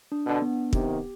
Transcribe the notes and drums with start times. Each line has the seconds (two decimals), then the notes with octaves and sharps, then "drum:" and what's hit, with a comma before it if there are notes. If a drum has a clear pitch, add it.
0.12 D4
0.26 B2 D3
0.42 B3
0.73 C3 D#3 G4, drum: kick